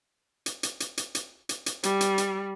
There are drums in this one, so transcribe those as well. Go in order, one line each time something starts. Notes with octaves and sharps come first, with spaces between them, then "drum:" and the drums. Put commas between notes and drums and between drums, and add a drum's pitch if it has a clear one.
drum: hi-hat
drum: hi-hat
drum: hi-hat
drum: hi-hat
drum: hi-hat
drum: hi-hat
drum: hi-hat
G3, drum: hi-hat
drum: hi-hat
drum: hi-hat